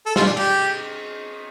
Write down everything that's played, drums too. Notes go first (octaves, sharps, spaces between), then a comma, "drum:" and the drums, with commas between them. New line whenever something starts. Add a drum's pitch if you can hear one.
A4
F4, drum: snare
D4
G4, drum: cymbal